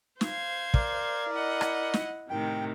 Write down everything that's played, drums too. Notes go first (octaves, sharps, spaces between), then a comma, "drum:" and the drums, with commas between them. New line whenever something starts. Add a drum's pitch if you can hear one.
C5 F5 G#6, drum: snare
A#4 D5, drum: kick
E4 D#5 F#5
drum: rim click
drum: snare
A2 C3 D#3 G5